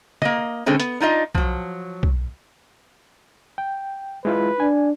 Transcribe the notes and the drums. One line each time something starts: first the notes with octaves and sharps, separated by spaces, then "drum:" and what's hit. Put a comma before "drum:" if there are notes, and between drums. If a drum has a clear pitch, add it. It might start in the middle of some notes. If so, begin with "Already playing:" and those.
A#3 D#5, drum: snare
B2 D3 G#3 C4 C#4
B3, drum: hi-hat
D4 D#4 F4 D#5
F3 F#3, drum: kick B1
drum: kick B1
G5
G#3 E4 F4 B4
D4 G#5